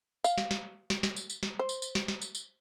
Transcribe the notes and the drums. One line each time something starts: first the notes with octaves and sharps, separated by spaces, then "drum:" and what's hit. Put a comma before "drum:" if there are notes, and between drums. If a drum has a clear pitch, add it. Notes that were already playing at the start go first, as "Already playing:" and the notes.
F5, drum: tambourine
drum: snare
drum: snare
drum: snare
drum: snare
drum: tambourine
drum: tambourine
drum: snare
C5
drum: tambourine
drum: tambourine
drum: snare
drum: snare
drum: tambourine
drum: tambourine